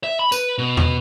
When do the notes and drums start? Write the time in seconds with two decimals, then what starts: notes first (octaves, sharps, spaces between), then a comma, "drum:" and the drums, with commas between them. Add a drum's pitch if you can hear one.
0.04 E5
0.19 B5
0.32 B4, drum: tambourine
0.58 B2
0.77 drum: tom E2